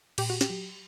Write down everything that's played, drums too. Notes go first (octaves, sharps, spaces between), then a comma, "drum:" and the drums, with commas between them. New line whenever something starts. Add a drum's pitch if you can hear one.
A#2 G4, drum: cymbal
F#4
G4, drum: snare
F#3